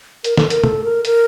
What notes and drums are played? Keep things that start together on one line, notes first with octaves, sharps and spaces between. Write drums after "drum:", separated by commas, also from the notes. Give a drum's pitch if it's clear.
A#4, drum: hi-hat
A4, drum: snare
A#4, drum: hi-hat
A4, drum: tom
A#4
A#4, drum: hi-hat